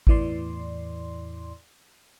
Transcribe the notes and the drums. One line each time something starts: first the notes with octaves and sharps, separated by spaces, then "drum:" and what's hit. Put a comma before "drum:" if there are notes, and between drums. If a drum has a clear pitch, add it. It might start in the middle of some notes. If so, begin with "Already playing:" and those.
E2 A2 E3 D5 C6, drum: kick G#1